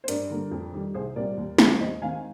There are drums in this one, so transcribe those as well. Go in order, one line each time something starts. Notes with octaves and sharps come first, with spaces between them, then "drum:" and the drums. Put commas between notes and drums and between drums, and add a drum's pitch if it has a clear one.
C5
G2 A#4 D5, drum: hi-hat
D3 G3 A#3
F2
D#3 G3
C2 G#4 C5
A#2 G3 C4 A#4 D5
D#2
D#3 G3 C4, drum: snare
D#2 C5 D#5
D#3 G#3 C4 F5 G#5